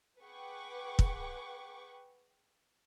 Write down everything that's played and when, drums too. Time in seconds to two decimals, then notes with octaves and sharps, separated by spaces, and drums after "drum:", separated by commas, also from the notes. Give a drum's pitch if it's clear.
0.21 G#4 B4 F#5 G5 C#6 D6
0.99 drum: kick